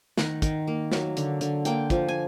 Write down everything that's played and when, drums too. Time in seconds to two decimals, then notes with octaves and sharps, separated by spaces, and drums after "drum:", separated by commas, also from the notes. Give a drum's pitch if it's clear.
0.18 D#3 F#5, drum: snare
0.42 D#3, drum: kick, hi-hat
0.67 A#3
0.92 F#3, drum: snare
1.17 D3, drum: hi-hat
1.41 D3, drum: hi-hat
1.65 A#3 G5, drum: hi-hat
1.90 F3, drum: kick, hi-hat
2.08 G#5